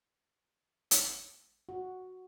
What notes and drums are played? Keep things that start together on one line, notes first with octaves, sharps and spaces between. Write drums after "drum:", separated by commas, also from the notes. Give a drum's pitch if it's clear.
drum: hi-hat
F#4